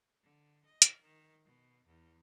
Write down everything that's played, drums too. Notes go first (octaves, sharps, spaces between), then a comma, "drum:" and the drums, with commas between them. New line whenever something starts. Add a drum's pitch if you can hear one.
D3
D#5
drum: hi-hat
D#3
B2
E2